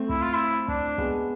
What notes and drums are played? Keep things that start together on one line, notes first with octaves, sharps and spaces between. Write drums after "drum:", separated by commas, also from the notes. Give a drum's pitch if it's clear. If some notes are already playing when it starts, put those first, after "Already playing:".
Already playing: A3 C4
E4, drum: kick
F4
E4
D4, drum: kick
G#3 B3, drum: kick